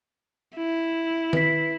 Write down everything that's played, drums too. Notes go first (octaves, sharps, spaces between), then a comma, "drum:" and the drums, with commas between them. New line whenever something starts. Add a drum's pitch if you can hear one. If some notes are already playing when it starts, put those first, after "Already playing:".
E4
B4 B6, drum: tom D#3